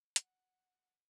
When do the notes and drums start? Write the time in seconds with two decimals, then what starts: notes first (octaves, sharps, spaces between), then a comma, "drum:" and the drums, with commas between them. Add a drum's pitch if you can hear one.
0.16 F#5, drum: hi-hat